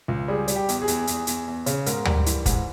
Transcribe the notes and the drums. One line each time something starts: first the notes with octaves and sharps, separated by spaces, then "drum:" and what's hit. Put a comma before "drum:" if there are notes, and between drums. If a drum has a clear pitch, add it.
C#2
G3 G#4
G3, drum: hi-hat
G4
E2, drum: hi-hat
G#4
E2, drum: hi-hat
E2, drum: hi-hat
E2, drum: hi-hat
E2
C#3, drum: hi-hat
G#2 A#4, drum: hi-hat
G3, drum: tom D2
E3, drum: hi-hat
G#2, drum: kick, hi-hat